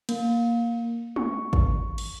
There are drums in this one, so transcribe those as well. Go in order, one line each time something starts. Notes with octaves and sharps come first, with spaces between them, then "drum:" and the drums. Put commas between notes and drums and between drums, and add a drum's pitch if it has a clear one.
A#3, drum: cymbal
C#6, drum: tom G#3
drum: kick G#1
drum: cymbal